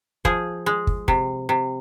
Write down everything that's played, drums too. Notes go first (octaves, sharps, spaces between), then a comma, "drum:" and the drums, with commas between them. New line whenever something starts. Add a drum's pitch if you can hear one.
F3 G#4, drum: kick
G#3
drum: kick
C3, drum: kick
C3